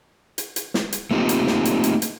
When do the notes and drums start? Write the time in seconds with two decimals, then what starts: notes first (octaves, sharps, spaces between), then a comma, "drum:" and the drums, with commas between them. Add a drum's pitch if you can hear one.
0.38 drum: hi-hat
0.56 drum: hi-hat
0.74 drum: snare
0.92 drum: hi-hat
1.11 A3 A#3 C4 D#4 F4 G4
1.29 drum: hi-hat
1.47 drum: snare
1.65 drum: hi-hat
1.84 drum: hi-hat
2.02 drum: hi-hat